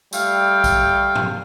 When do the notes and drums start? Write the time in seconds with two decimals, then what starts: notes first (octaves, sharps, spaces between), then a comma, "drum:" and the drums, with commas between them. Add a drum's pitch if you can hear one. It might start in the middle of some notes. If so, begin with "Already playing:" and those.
0.13 G3 A3 F5 G5, drum: tambourine
0.64 drum: kick A#1, tambourine
1.15 drum: tom G#2